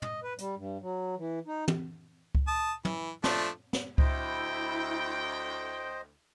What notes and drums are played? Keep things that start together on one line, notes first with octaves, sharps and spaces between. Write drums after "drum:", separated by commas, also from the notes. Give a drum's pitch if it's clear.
D#5, drum: tom
B4
G3, drum: hi-hat
G2
F#3
E3
D#4
drum: tom
drum: kick C#2
A5 D#6
E3, drum: tom
F3 A3 D4, drum: snare
drum: snare
D2 E4 C5 D#5 G5, drum: kick C#2